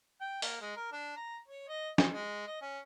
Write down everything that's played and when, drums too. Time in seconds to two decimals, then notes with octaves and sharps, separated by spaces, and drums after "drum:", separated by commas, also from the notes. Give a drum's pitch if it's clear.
0.21 G5
0.42 A#3, drum: open hi-hat
0.61 G#3
0.77 A#4
0.92 D4
1.16 A#5
1.48 C#5
1.68 D#5
1.98 D#5, drum: snare
2.12 G#3
2.47 D#5
2.62 C#4